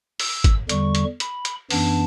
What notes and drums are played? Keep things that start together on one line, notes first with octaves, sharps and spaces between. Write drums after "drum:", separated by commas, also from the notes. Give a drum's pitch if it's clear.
E6, drum: open hi-hat
drum: kick G#1, hi-hat
E2 D3 G3 C#6, drum: hi-hat
drum: hi-hat
B5, drum: hi-hat
drum: hi-hat
F#2 E3 B3 D4 A5, drum: open hi-hat